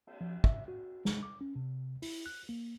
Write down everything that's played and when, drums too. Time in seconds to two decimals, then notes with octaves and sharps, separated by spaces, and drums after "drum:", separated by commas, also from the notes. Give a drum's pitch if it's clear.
0.07 drum: cymbal
0.21 F3
0.44 E5, drum: kick
0.68 F#4
1.05 G#3, drum: snare
1.23 D6
1.41 C#4
1.56 C3
2.02 E4, drum: open hi-hat
2.26 F#6
2.49 A#3